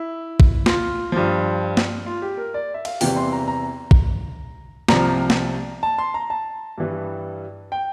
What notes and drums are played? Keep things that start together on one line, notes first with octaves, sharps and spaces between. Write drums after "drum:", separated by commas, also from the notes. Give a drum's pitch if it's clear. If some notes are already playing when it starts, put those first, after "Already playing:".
Already playing: E4
drum: kick
F4, drum: snare
G2 F3 F4
drum: snare
F4
G4
A#4
D5
E5
F5, drum: cymbal
E2 C3 E3 G3 G5, drum: open hi-hat
C6
A#5
A#5
drum: kick
C2 C3 F3 A#5, drum: snare
drum: snare
A5
C6
A#5
A5
G2 E3 G3
G5